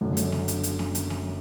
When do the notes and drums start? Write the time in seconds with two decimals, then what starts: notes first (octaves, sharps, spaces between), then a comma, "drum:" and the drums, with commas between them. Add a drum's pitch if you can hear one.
0.01 F#1 F#2 D3 F#3 D4
0.17 drum: hi-hat
0.32 drum: snare
0.48 drum: hi-hat
0.63 drum: hi-hat
0.79 drum: snare
0.95 drum: hi-hat
1.10 drum: snare